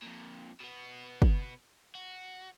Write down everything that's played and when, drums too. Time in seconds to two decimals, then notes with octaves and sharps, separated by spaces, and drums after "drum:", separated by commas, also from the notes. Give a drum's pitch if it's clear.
0.02 F2 A#2
0.60 B2 B3
1.22 drum: kick
1.95 F#4